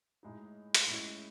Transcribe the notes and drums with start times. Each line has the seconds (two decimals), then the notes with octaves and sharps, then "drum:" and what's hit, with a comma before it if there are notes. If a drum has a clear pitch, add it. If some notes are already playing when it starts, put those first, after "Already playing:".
0.23 A2 G#3 D#4
0.75 drum: hi-hat
0.86 A2 G#3 C#4 E4